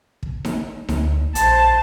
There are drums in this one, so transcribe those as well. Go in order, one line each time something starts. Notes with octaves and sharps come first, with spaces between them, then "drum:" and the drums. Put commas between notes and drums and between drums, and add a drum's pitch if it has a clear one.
drum: kick
drum: snare D#4
D2, drum: snare D#4
A#1 C5 A5, drum: hi-hat